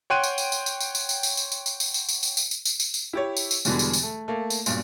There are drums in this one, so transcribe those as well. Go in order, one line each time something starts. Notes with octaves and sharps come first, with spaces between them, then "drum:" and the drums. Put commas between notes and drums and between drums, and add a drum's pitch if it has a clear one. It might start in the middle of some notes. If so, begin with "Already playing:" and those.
C#5 F#5 G5 C6 F#6 D#7
drum: tambourine
drum: tambourine
drum: tambourine
drum: tambourine
drum: tambourine
drum: tambourine
drum: tambourine
drum: tambourine
drum: tambourine
drum: tambourine
drum: tambourine
drum: tambourine
drum: tambourine
drum: tambourine
drum: tambourine
drum: tambourine
drum: tambourine
drum: tambourine
drum: tambourine
drum: tambourine
E4 G4 C#5
drum: tambourine
drum: tambourine
E2 B2 D3 E3 G3 G#3, drum: tambourine
drum: tambourine
drum: tambourine
A3
A3 A#3
drum: tambourine
B1 G2 A#2, drum: tambourine